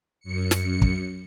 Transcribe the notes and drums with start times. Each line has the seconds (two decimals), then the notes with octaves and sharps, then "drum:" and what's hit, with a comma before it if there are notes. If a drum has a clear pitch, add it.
0.20 F#2 C#7
0.51 drum: snare
0.82 drum: kick